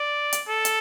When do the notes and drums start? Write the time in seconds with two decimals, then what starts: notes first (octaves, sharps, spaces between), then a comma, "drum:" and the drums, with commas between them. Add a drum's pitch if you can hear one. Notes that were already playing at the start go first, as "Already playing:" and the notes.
Already playing: D5
0.33 drum: hi-hat
0.49 A4
0.65 drum: hi-hat